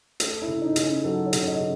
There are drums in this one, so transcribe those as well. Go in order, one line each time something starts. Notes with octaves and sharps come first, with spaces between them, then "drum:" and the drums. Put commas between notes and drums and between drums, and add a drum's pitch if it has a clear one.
A3 A4, drum: hi-hat
E4
C#3
D#4
C#3, drum: hi-hat
C#4
F#3 A4
C#5
C#3, drum: hi-hat
D#5
C#3